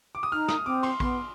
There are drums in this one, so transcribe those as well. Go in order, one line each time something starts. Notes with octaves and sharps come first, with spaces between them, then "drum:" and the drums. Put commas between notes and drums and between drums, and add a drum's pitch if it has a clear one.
D6
D#6
D#4 F6
D#6, drum: snare
C4 D6
C6, drum: cymbal
B3 C6, drum: kick A1